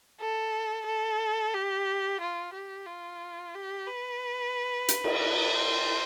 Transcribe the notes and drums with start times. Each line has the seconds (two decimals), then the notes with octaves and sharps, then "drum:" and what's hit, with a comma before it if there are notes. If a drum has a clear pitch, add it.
0.20 A4
0.86 A4
1.54 G4
2.21 F4
2.53 G4
2.86 F4
3.55 G4
3.87 B4
4.88 drum: hi-hat
5.04 drum: cymbal
5.55 C5